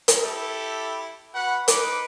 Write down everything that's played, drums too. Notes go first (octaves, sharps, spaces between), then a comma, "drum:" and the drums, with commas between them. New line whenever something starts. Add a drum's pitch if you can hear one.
drum: hi-hat
E4 G4 A4
F#4 B4 F#5
D#4 B4 D6, drum: hi-hat